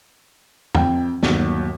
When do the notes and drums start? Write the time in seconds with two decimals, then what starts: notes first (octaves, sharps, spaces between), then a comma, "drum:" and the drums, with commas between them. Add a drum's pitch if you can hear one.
0.75 F2 G5, drum: tom E2
1.23 G1 D#2 F#3, drum: snare